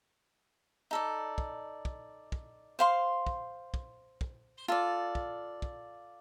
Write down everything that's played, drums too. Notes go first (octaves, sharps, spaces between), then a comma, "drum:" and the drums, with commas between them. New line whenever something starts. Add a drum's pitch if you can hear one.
D#4 A4 D5
drum: kick
drum: kick
drum: kick
C5 F5 C6
drum: kick
drum: kick
drum: kick
F4 A4 D5
drum: kick
drum: kick